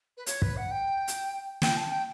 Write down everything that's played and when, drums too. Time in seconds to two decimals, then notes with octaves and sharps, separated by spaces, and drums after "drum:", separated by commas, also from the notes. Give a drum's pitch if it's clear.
0.17 B4
0.26 C#5, drum: hi-hat
0.42 B4, drum: kick
0.57 F#5
0.71 G5
1.08 drum: hi-hat
1.62 G5, drum: snare
1.77 A5
1.91 G5